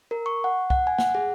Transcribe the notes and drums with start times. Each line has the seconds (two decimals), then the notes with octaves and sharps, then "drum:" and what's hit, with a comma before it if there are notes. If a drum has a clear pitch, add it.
0.11 A#4
0.26 C#6
0.44 F#5
0.70 F#5, drum: kick
0.87 G#5
0.99 F#5, drum: snare
1.15 G#4